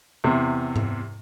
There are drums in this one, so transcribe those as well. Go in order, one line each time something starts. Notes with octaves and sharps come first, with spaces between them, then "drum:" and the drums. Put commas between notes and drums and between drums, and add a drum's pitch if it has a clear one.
E2 C3
drum: tom G#2